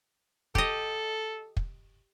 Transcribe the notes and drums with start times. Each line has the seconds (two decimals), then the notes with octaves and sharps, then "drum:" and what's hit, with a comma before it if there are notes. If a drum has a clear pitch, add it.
0.55 G4 A4 D#5, drum: kick
1.57 drum: kick